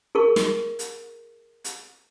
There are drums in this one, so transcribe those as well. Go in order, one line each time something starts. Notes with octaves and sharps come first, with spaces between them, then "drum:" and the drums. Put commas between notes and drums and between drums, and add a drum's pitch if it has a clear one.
G#4 A#4 C#6
drum: snare
drum: hi-hat
drum: hi-hat